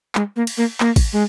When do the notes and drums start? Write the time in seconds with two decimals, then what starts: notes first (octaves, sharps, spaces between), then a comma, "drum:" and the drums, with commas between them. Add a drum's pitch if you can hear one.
0.15 G#3, drum: clap
0.36 A#3
0.47 drum: cymbal
0.57 A#3
0.80 A#3, drum: clap
0.96 drum: kick, cymbal
1.13 G#3